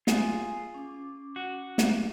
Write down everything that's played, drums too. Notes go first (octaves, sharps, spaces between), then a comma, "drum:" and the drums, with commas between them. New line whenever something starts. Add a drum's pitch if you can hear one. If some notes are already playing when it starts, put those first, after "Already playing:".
F4 G#4 G#5, drum: snare
C#4 D6
F#4
drum: snare